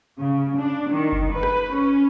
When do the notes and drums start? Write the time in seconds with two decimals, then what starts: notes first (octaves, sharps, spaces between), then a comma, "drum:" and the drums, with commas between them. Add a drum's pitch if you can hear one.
0.19 C#3
0.57 D4
0.90 D#3
1.12 drum: kick F#1
1.33 B4
1.43 drum: rim click
1.74 C#4